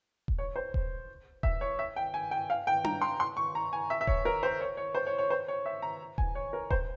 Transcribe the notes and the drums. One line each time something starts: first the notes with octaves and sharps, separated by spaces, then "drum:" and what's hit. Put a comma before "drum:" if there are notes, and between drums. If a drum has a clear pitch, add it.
drum: kick D#1
C#5
C5
drum: kick D#1
E5, drum: kick D#1
C#5
E5
G5
G#5
G5
F5
G5
A#5, drum: tom D4
C6
C6
C#6
A#5
G#5
E5
E5
C#5, drum: kick D#1
A#4
C5
C#5
C#5
C5
C#5
C#5
C5
C#5
E5
A#5
G#5, drum: kick D#1
C#5
A#4
C5, drum: kick D#1